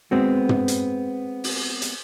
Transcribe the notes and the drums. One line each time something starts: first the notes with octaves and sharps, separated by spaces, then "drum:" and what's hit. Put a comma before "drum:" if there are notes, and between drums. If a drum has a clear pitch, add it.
G#3 B3 C4 F#4
drum: tom
drum: hi-hat
drum: open hi-hat
drum: hi-hat